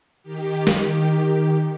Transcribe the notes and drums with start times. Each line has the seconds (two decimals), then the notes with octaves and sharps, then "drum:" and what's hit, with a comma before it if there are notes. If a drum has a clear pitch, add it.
0.23 D#3 G4
0.67 drum: snare